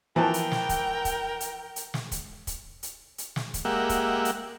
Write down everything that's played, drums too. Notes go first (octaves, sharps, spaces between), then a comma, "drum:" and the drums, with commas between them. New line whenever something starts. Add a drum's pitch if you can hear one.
E3 F3 A#4 G5 A5
drum: hi-hat
drum: snare
drum: kick, hi-hat
drum: kick, hi-hat
drum: hi-hat
drum: hi-hat
drum: snare
drum: kick, hi-hat
drum: kick, hi-hat
drum: hi-hat
drum: hi-hat
drum: snare
drum: kick, hi-hat
G#3 A#3 G4 E5 F#5
drum: kick, hi-hat
drum: hi-hat